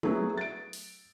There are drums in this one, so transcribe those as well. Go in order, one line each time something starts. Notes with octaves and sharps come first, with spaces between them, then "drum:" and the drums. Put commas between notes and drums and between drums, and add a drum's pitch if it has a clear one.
F#3 A3 B3 E4 G#4, drum: tom
A6 D7
drum: open hi-hat